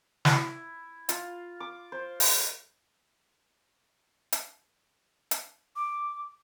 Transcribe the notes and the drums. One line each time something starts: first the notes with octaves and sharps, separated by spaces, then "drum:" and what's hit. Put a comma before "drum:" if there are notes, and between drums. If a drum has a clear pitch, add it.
E4, drum: snare
F4, drum: hi-hat
D6
C5
drum: open hi-hat
drum: hi-hat
drum: hi-hat
D6